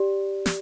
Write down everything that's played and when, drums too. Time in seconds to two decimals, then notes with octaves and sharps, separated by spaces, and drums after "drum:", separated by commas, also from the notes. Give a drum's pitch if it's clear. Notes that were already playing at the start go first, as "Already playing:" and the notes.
Already playing: G4 D5
0.46 drum: snare